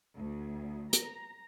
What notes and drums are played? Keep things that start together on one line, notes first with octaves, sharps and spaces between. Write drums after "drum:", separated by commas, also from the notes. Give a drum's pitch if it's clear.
D2
A#5, drum: hi-hat